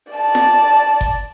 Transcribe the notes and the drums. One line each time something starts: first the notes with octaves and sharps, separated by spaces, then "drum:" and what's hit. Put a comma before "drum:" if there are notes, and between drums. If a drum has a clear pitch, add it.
D5 A5
drum: snare
drum: kick G1